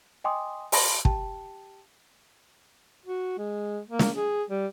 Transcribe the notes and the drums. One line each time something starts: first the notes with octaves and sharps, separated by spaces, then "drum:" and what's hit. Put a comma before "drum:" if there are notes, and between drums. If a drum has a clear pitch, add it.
D#5 G5 G#5 C6 D6 D#6
A5 B5 C6 A#6, drum: open hi-hat
G4 G5 A5, drum: kick
F#4
G#3
A#3
drum: snare
G#4
G3